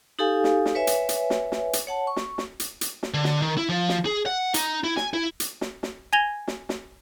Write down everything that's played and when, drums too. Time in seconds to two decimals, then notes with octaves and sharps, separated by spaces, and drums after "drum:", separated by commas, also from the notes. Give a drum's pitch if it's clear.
0.19 D#4 G4 A4 F5 G#5
0.44 drum: snare
0.66 drum: snare
0.75 B4 C#5 E5 G#5
0.87 drum: hi-hat
1.09 drum: hi-hat
1.30 drum: snare
1.52 drum: snare
1.73 drum: hi-hat
1.87 C#5 F#5 A5
2.07 C#6
2.16 drum: snare
2.38 drum: snare
2.60 drum: hi-hat
2.81 drum: hi-hat
3.03 drum: snare
3.14 D3
3.24 drum: snare
3.42 D#3
3.57 E4
3.69 F3
3.89 drum: snare
4.05 G#4
4.26 F#5
4.54 D#4, drum: hi-hat
4.84 E4
4.97 G#5, drum: snare
5.13 E4
5.40 drum: hi-hat
5.61 drum: snare
5.83 drum: snare
6.13 G#5 G#6 A#6 F7 G7
6.48 drum: snare
6.69 drum: snare